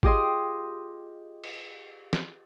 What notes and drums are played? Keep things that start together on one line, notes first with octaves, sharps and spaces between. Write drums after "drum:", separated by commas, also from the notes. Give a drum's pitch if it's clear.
F4 G4 G#4 D#5 G5 C6, drum: kick G#1
drum: cymbal
drum: snare